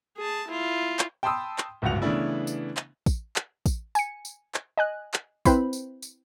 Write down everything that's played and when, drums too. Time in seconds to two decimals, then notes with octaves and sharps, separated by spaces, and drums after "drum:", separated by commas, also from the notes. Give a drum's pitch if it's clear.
0.17 G#4 A5
0.47 E4 F4
0.99 drum: clap
1.23 G5 A5 B5 C6 D#6 E6
1.58 drum: clap
1.82 D1 G1 C#2 F#4 F#5 F7
2.02 C#3 E3 A3 B3 D4 E4
2.47 drum: tambourine
2.77 drum: clap
3.06 drum: kick, tambourine
3.36 drum: clap
3.66 drum: kick, tambourine
3.95 G#5 C#7, drum: tambourine
4.25 drum: tambourine
4.54 drum: clap
4.78 D#5 G#5 F#6
5.14 drum: clap
5.45 C4 E4 B4 C5 B5, drum: kick, tambourine
5.73 drum: tambourine
6.02 drum: tambourine